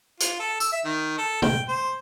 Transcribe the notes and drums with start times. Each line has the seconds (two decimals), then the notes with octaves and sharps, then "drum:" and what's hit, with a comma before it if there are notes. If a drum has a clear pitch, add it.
0.20 F4, drum: hi-hat
0.39 A4
0.60 E6, drum: tambourine
0.72 E5
0.85 D#3
1.18 A4
1.42 G5, drum: tom
1.69 C5